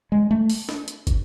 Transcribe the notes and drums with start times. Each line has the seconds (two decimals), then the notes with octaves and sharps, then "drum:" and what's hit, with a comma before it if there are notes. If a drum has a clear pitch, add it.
0.12 G#3
0.31 A3
0.50 drum: open hi-hat
0.69 drum: snare
0.88 drum: hi-hat
1.07 drum: kick, hi-hat